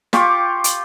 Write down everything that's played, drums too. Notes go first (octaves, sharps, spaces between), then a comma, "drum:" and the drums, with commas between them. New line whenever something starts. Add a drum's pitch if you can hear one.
F4 G4 C#6 D6, drum: snare
drum: hi-hat